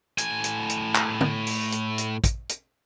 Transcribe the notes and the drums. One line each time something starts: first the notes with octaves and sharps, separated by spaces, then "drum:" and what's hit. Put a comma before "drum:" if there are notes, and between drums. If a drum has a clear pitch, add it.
A2 G#5, drum: hi-hat
drum: hi-hat
drum: hi-hat
drum: clap
drum: tom
drum: open hi-hat
drum: hi-hat
drum: hi-hat
drum: kick, hi-hat
drum: hi-hat